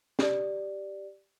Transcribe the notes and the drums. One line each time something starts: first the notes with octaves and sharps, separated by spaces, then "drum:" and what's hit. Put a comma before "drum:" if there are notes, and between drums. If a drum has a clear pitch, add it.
G4 D5, drum: snare